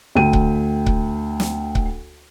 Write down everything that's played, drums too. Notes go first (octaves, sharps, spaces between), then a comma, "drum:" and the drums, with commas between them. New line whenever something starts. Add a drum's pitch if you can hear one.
D2 G5 D#7
drum: kick C#1
drum: kick C#1
drum: snare
drum: kick C#1